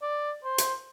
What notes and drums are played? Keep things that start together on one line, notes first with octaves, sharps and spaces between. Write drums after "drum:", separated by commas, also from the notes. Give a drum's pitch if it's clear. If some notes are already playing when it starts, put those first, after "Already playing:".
D5
C5
drum: hi-hat